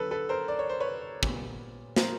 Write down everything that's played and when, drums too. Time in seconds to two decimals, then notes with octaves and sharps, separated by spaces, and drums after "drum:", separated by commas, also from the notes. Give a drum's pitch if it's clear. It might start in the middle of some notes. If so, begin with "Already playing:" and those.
Already playing: D3 F#3 B3 A4 B4
0.11 A4 B4
0.29 A#4 C5
0.48 D5
0.59 C#5
0.69 C5
0.80 B4 C#5
1.23 A#2 G3 B3, drum: kick
1.96 A#4 C5, drum: snare